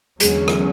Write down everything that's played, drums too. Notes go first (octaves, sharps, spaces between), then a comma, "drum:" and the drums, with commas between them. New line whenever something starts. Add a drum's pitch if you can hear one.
E2 D3 F#3 G#3 C#4, drum: hi-hat
drum: rim click